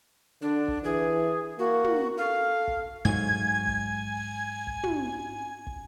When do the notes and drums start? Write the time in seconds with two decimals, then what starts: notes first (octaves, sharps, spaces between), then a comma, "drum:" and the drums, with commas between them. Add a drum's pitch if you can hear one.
0.42 D3 D4
0.68 drum: kick
0.84 E3 G#4
1.59 A#3 F#4
1.84 drum: tom
2.18 A4 F5
2.67 drum: kick
3.05 G#2 F#3 G#5 G#6
3.67 drum: kick
4.67 drum: kick
4.83 drum: tom
5.67 drum: kick